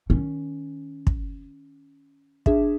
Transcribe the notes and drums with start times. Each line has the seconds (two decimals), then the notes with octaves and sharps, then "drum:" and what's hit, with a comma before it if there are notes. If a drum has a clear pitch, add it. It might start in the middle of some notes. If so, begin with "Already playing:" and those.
0.10 D#3 C#4
1.07 drum: kick
2.46 D4 G#4 E5, drum: kick